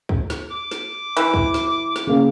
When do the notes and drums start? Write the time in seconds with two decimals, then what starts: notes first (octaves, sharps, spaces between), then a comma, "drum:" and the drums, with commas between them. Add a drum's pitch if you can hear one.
0.09 drum: kick
0.30 drum: snare
0.51 D6
0.71 drum: snare
1.17 E3
1.34 drum: kick
1.54 drum: snare
1.96 drum: snare
2.07 C#3 A#3